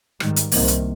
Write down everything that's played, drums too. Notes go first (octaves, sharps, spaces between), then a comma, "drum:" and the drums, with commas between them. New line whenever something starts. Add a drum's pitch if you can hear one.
G#2 D#3 G3, drum: rim click
drum: hi-hat
C2 C3 D#3 A#3, drum: open hi-hat
drum: hi-hat